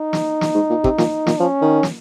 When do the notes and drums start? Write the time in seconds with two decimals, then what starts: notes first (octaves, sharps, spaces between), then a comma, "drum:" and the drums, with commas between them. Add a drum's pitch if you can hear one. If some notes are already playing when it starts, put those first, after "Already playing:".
Already playing: D#4
0.13 drum: snare
0.41 drum: snare
0.55 G#2
0.70 A#2
0.84 C3, drum: kick
0.98 A#2, drum: snare
1.27 A#2, drum: snare
1.40 F3 C#4
1.62 D#3
1.83 drum: snare